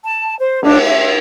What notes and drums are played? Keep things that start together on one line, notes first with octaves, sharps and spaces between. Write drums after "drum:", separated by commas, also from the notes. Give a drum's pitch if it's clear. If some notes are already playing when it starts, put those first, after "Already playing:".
A5
C5
D4, drum: cymbal
E5